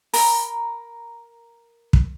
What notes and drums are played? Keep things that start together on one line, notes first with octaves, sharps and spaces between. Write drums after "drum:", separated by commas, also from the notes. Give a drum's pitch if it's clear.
A#4 A#5 B5, drum: open hi-hat
drum: kick